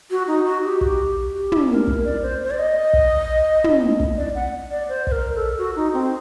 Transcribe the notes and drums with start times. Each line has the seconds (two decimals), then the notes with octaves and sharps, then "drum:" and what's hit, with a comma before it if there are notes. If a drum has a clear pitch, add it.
0.11 F#4
0.28 D#4
0.46 F#4
0.64 G4
0.81 drum: kick
1.34 G4
1.52 drum: tom
1.70 A#4
1.87 drum: kick
2.05 D5
2.22 C5
2.44 C5
2.51 D5
2.59 D#5
2.93 drum: kick
3.64 drum: tom
4.00 drum: kick
4.17 D5
4.35 F#5
4.71 D5
4.89 C5
5.07 C5, drum: kick
5.12 A#4
5.35 A4
5.58 F#4
5.76 D#4
5.94 C4